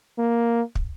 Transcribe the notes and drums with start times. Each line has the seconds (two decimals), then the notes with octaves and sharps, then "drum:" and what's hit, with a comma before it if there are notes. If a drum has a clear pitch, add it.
0.19 A#3
0.75 drum: kick